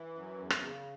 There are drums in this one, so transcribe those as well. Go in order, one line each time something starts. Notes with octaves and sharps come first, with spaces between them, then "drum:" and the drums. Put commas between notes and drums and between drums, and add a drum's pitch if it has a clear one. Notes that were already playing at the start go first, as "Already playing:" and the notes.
Already playing: E3 E4
F#2
E2
drum: rim click
C#3